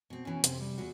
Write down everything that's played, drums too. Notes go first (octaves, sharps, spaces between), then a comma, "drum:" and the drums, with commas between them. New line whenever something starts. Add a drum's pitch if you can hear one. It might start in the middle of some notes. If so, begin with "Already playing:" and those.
B2 C4
B2 E3 C#4
F2 C3 C4, drum: hi-hat
G3
E2 F4 F#4